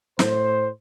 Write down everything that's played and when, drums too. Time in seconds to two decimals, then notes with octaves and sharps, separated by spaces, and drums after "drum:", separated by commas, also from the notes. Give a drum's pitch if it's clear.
0.19 A2 C5, drum: snare